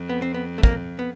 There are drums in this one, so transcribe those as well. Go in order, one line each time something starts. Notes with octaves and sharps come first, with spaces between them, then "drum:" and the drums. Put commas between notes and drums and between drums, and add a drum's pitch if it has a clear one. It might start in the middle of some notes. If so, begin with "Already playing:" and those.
Already playing: F2
B3
C4
B3
A3
A#3, drum: kick
B3